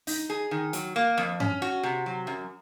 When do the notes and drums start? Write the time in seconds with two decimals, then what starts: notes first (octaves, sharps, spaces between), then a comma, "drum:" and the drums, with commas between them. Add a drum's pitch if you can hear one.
0.07 D#4, drum: open hi-hat
0.30 G#4
0.51 D#3
0.73 F#3, drum: hi-hat
0.96 A#3
1.18 F2
1.40 C#4, drum: tom G2
1.62 F#4
1.83 C3
2.06 F#3
2.27 F#2